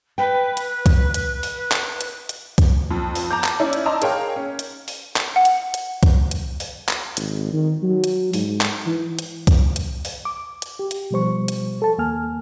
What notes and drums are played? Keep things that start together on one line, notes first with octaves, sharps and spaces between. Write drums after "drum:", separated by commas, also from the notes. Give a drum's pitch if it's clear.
B4 G5
drum: hi-hat
drum: kick C2, hi-hat
drum: hi-hat
drum: open hi-hat
drum: clap
drum: hi-hat
drum: hi-hat
drum: kick C2, hi-hat
F2
drum: open hi-hat
A5 A#5 D6 G6
drum: clap
C#4 E4 D5
drum: hi-hat
D#5 A5 A#5 C6 D6 E6
G#4 A#4 C#5 F5 G5, drum: hi-hat
C#4
drum: hi-hat
drum: open hi-hat
drum: clap
F#5
drum: hi-hat
drum: hi-hat
drum: kick C2, hi-hat
drum: hi-hat
drum: open hi-hat
drum: clap
G#1, drum: hi-hat
D#3
F#3
drum: hi-hat
G#2, drum: open hi-hat
drum: clap
E3
drum: hi-hat
drum: kick C2, hi-hat
drum: hi-hat
drum: open hi-hat
D6
drum: hi-hat
G4
drum: hi-hat
B2 F3 G3 C5 C#6
drum: hi-hat
A4 A5
D#2 A#3 G#5 F6